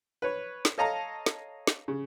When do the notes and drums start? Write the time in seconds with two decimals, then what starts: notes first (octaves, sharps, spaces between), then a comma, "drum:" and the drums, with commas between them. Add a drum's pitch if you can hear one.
0.22 B4 C#5
0.65 drum: snare
0.78 A4 C#5 D#5 F5 A5 A#5
1.26 drum: snare
1.67 drum: snare
1.88 C#3